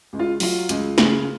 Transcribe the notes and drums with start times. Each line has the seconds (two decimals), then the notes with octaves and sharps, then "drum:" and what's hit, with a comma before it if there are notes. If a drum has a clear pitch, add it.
0.13 C#2
0.19 F4
0.40 F#3 F4, drum: open hi-hat
0.69 C#2, drum: hi-hat
0.98 C#3, drum: snare